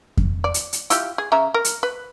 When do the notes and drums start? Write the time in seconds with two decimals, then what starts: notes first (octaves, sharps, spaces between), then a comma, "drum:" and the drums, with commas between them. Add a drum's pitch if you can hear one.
0.17 drum: kick F2
0.44 D5
0.54 drum: hi-hat
0.73 drum: hi-hat
0.90 E4 F4 G4, drum: hi-hat
1.18 G#4
1.32 C#3 E5 A#5
1.54 A#4
1.65 drum: hi-hat
1.83 B4